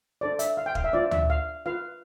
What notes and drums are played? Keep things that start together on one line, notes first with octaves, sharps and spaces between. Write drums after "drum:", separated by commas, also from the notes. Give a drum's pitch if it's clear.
D4 A4 C5 D5
E5, drum: hi-hat
F5
G5
F5, drum: kick
E5
D4 F4 C5 D5
E5, drum: tom D2
F5
F4 B4 F5